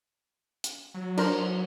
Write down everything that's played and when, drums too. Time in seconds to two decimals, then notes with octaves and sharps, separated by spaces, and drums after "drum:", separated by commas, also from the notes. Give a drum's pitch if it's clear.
0.64 drum: hi-hat
0.94 F#3
1.17 D4 A#4 C5, drum: cymbal